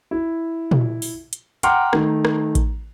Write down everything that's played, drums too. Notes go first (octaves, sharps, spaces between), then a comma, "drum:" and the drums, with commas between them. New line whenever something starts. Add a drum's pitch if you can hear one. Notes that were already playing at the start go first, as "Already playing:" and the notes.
E4
drum: tom A#2
drum: open hi-hat
drum: hi-hat
F#5 G5 A#5 C6 D6 F6, drum: hi-hat
D#3 A3, drum: rim click
drum: rim click
drum: kick A1, hi-hat